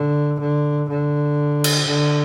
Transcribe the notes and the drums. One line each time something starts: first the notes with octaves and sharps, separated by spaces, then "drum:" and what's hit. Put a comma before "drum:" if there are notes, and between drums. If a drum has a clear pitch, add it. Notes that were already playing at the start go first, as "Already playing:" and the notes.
Already playing: D3
D3
D3
drum: cymbal
D3